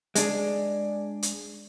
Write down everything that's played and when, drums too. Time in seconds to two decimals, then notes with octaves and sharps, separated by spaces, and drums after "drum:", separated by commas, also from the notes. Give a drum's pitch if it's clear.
0.15 G#3 D4 G#4, drum: hi-hat
1.23 drum: hi-hat